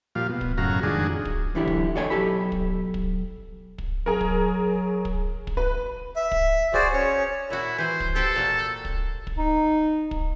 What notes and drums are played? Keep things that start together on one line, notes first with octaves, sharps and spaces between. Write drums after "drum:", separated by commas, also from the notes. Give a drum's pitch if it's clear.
A#2 F3 G3 F5
B2
drum: kick
F#2 A2 C#3 F#4 F5 A#5
F2 D#3 G#3 D4 F#4 G#4
drum: kick
B1 D3 E3 E4 G4
drum: kick
F#4 A4 C#5 D#5 G5 G#5
B1 A#2 G4 A4 B5
drum: kick
drum: kick
drum: kick
F#3 G#4 A#4
drum: kick
drum: kick
drum: kick
B4
E5
drum: kick
F#4 G#4 C5 D5, drum: kick
C#4 C#5
A#2 E4 F#4
E3 C5 G#5
drum: kick
G4 A4 C5 G5
A#2 A#3 F#4
drum: kick
drum: kick
D#4
drum: kick